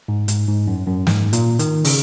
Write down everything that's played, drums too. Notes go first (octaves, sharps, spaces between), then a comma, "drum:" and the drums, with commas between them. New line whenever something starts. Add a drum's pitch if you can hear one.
G#2
G#2, drum: hi-hat
G#2
F#2
F#2
G#2, drum: snare
A#2, drum: hi-hat
D#3, drum: hi-hat
C#3, drum: open hi-hat